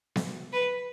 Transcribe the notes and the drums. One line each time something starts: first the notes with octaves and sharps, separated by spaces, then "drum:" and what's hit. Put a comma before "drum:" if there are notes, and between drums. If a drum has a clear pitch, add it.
drum: snare B3
B4